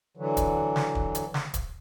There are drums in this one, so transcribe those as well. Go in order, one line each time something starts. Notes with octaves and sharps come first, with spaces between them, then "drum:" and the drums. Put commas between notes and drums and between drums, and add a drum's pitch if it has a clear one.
D3 E3 F#3
drum: kick, hi-hat
drum: snare
drum: kick
drum: hi-hat
drum: snare
drum: kick, hi-hat